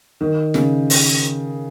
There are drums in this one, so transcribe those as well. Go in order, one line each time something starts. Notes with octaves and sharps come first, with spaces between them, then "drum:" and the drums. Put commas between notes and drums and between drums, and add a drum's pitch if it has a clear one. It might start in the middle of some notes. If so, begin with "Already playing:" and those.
D#3
C#3, drum: snare
drum: open hi-hat